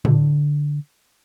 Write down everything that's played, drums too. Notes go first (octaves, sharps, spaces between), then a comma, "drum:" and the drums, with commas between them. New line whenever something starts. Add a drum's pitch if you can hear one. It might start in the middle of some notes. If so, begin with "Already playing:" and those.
D3, drum: tom A2